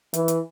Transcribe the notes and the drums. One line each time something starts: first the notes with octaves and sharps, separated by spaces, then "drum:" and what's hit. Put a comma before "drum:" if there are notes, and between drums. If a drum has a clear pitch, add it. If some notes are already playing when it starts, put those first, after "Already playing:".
E3, drum: hi-hat
drum: hi-hat